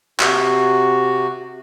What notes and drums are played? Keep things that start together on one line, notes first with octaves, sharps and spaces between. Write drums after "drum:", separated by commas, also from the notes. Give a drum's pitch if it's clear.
C3 F#4, drum: clap